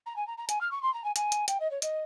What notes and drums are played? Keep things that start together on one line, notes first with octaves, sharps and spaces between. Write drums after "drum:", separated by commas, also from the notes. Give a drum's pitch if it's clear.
A#5
G#5
A#5
A#5
G#5, drum: hi-hat
F6
C#6
C6
A#5
G#5
G#5, drum: hi-hat
drum: hi-hat
G5, drum: hi-hat
D#5
C#5
D#5, drum: hi-hat